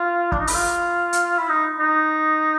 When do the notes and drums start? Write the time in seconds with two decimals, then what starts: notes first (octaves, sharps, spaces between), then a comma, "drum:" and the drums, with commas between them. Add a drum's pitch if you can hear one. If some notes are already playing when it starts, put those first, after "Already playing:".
Already playing: F4
0.32 D4, drum: kick
0.39 D#4
0.47 E4, drum: open hi-hat
0.55 F4
1.13 drum: hi-hat
1.38 E4
1.49 D#4
1.80 D#4